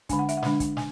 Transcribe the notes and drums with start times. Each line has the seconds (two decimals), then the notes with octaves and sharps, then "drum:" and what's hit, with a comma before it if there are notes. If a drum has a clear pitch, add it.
0.09 D3 G#3 D4 G#5, drum: kick, hi-hat
0.19 F#5
0.29 E5, drum: hi-hat
0.37 F#5
0.43 D3 G#3 D4, drum: snare
0.60 drum: kick, hi-hat
0.77 G#5, drum: snare